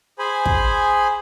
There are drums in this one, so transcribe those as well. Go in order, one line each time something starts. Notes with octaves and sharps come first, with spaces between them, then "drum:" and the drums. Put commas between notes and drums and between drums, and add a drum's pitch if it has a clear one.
G#4 C5 G#5 B5
drum: kick